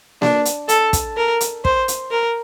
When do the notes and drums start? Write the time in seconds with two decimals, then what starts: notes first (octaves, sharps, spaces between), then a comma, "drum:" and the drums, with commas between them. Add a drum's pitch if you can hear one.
0.22 D4, drum: snare A#3
0.45 drum: hi-hat
0.69 A4, drum: hi-hat
0.93 drum: kick, hi-hat
1.17 A#4
1.41 drum: hi-hat
1.65 C5, drum: kick
1.88 drum: hi-hat
2.11 A#4